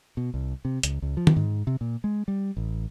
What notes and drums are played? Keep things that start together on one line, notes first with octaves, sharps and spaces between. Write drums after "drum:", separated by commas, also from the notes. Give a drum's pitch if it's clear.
B2
C2
C3
C#2, drum: hi-hat
C#2
F3
drum: tom D#3
G#2
C3
A#2
G#3
G3
A1